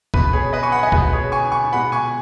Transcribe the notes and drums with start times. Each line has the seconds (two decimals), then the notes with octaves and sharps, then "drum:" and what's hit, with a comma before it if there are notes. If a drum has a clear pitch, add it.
0.14 B2 B3 B4, drum: kick
0.33 G#4 C#5
0.53 B4 D#5
0.63 G#5 C#6
0.72 F#5 B5
0.83 D#5 G#5
0.92 B2 G#3 B3 B4, drum: kick
1.13 G#4 C#5
1.32 G#5 C#6
1.52 G#5 C#6
1.72 B2 G#3 B3 F#5 B5
1.92 G#5 C#6